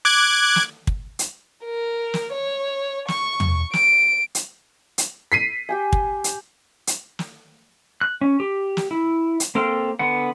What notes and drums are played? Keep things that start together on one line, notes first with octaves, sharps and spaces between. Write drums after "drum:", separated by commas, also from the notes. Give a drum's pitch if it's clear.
D6 F#6 G#6
drum: snare
drum: kick
drum: hi-hat
A#4
drum: snare
C#5
C#6, drum: snare
drum: tom
D7, drum: snare
drum: hi-hat
drum: hi-hat
B6 C7 D#7
G4 G5 G#5
drum: kick
drum: hi-hat
drum: hi-hat
drum: snare
F#6
C#4
G4
drum: snare
E4
drum: hi-hat
A#3 C4 A4 F5 G5
D3 B3 F#5